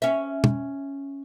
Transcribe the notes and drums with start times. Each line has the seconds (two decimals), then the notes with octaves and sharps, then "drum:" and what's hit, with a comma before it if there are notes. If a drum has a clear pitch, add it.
0.02 C#4 E5
0.44 drum: tom